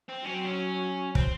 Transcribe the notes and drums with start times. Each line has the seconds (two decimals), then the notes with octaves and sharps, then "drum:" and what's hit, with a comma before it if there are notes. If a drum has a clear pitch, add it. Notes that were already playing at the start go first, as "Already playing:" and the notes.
0.09 C4
0.24 F#3 C#4
0.34 C4
0.45 C#4
1.15 C4, drum: kick